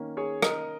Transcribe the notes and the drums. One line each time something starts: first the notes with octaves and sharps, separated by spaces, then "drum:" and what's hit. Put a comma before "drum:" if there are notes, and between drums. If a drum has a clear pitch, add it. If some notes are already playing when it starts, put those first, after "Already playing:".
Already playing: D#3 A#3 C#4
G#4 C#5
A#4 D#5, drum: rim click